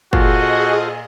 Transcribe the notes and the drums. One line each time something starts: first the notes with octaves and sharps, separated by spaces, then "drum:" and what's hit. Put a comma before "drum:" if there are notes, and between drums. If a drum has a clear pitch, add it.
A#2 F4 F#4 G#4 A4 C5 D#5, drum: kick